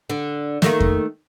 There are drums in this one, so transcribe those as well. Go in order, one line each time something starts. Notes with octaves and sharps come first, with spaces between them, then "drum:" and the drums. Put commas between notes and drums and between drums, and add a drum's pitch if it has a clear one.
D3
D#3 A3 A#3, drum: snare
drum: kick F2